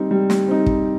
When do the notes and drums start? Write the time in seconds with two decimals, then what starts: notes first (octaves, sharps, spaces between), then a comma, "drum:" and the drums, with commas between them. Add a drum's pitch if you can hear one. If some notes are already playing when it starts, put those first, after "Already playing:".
Already playing: G3 C4 D#4
0.11 G3
0.30 drum: snare
0.48 C4 D#4
0.66 drum: kick